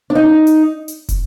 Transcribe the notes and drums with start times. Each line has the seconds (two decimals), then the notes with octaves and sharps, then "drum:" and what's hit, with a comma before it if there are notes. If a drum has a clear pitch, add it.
0.10 D4
0.15 D#4
0.47 drum: hi-hat
0.88 drum: hi-hat
1.09 drum: kick, hi-hat